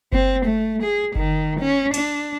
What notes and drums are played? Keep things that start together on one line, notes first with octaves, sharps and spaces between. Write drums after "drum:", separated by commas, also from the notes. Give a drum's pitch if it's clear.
C4, drum: kick F#1
A3
G#4
D#3, drum: kick F#1
C#4
D4, drum: cymbal